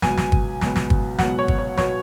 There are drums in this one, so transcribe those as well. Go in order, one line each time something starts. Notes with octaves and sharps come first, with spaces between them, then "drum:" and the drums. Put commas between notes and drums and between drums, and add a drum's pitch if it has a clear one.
C#2 B2 F#3 B3 G#5, drum: snare
drum: snare
drum: kick G1
C#2 B2 F#3 B3, drum: snare
drum: snare
drum: kick G1
C#2 B2 F#3 B3 F#5, drum: snare
C#5
drum: kick G1
C#5
B2 F#3 B3 C#5, drum: snare